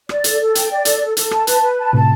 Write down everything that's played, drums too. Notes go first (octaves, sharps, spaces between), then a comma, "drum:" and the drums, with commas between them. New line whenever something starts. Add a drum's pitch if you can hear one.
D5, drum: rim click
A4, drum: hi-hat
A4
G5, drum: hi-hat
D5
A4, drum: hi-hat
A4
A4, drum: hi-hat
A5, drum: rim click
B4, drum: hi-hat
B4
A5
A2 C3 A5